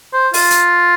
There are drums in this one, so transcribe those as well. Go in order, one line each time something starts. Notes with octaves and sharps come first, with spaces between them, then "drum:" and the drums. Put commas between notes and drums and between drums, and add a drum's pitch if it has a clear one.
C5
F4, drum: open hi-hat
drum: hi-hat